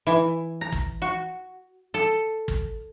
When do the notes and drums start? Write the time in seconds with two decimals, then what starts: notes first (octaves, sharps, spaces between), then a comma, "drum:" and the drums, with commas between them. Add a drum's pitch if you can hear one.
0.07 E3
0.61 A#5
0.72 drum: kick
1.02 F#4
1.94 A4
2.48 drum: kick